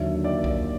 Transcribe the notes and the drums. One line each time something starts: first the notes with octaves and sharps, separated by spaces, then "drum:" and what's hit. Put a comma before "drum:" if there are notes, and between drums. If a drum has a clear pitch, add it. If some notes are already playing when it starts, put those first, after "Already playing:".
Already playing: D#2 D3 F#3 E5
D5
drum: kick B1